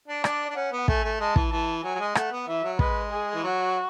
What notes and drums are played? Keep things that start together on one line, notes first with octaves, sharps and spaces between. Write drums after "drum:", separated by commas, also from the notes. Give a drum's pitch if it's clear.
D4
D4 D5, drum: rim click
D4
C#4 F#5
B3
A3 G#5, drum: kick
A3
G#3 A5
E3, drum: kick
E3 A5
F#3 G#5
F#3
G#3
A3 F#5, drum: rim click
B3
E3 E5
F#3
G#3 B4, drum: kick
G#4
E3
F#3 F#4